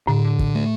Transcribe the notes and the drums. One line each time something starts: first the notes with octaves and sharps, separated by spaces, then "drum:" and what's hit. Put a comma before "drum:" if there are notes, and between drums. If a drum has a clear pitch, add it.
A2 D3
drum: kick
A3